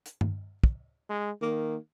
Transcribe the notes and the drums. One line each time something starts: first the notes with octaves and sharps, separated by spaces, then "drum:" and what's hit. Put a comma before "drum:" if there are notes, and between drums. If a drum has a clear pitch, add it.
drum: hi-hat
drum: tom G2
drum: kick
G#3
D#3 A#3